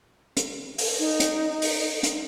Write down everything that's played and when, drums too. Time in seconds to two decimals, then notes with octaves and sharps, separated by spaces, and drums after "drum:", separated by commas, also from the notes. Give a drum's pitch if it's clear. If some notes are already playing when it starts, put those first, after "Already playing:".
0.37 drum: hi-hat
0.78 drum: open hi-hat
0.99 D#4
1.20 drum: hi-hat
1.62 drum: open hi-hat
2.03 drum: hi-hat